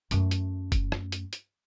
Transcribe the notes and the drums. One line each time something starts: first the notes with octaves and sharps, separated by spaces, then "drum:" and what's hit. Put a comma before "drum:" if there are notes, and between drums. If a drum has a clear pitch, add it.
F#2 A3, drum: hi-hat
drum: hi-hat
drum: kick F1, hi-hat
drum: rim click
drum: hi-hat
drum: hi-hat